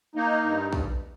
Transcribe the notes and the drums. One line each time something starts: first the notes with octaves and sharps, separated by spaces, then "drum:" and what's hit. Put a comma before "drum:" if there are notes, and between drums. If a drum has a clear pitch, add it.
A#3 D#4
G2
drum: kick